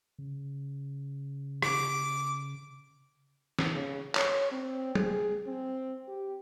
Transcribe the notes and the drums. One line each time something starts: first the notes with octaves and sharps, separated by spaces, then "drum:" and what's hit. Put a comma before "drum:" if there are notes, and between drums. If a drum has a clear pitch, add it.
C#3
D6, drum: rim click
drum: snare
C#3
C#5, drum: clap
C4
G#4, drum: tom
C4
G4